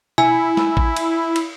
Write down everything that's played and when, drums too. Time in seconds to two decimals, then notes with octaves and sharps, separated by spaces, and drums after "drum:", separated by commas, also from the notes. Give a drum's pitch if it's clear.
0.18 E4 G#5, drum: tom B2
0.57 drum: snare
0.77 drum: kick A1
0.96 drum: cymbal
1.36 drum: cymbal